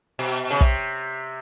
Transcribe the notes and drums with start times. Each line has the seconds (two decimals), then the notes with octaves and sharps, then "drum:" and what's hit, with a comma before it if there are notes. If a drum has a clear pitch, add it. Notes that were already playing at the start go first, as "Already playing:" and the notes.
0.19 B2
0.51 C#3
0.61 C3, drum: kick